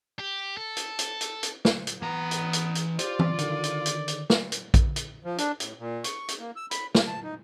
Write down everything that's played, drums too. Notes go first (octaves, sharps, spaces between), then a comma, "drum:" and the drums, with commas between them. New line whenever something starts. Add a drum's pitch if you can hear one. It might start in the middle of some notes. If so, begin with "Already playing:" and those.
G4
A4
drum: hi-hat
drum: hi-hat
drum: hi-hat
drum: hi-hat
drum: snare
drum: hi-hat
E3 B3 A#5
drum: hi-hat
drum: hi-hat
drum: hi-hat
F4 G4 C5 D5, drum: hi-hat
drum: tom E3
D3 D#3, drum: hi-hat
drum: hi-hat
drum: hi-hat
drum: hi-hat
drum: snare
drum: hi-hat
drum: kick A#1, hi-hat
drum: hi-hat
F3
D4, drum: hi-hat
A2, drum: hi-hat
A#2
C#6, drum: hi-hat
drum: hi-hat
A#3
E6
B5, drum: hi-hat
C3, drum: snare
A5
D#4